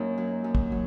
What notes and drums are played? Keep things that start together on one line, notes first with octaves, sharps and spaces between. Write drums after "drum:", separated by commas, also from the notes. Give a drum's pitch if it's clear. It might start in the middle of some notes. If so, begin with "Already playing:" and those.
Already playing: F#2 A#3 C#4 D#4 F#4
F#3
F#2
drum: kick
F#3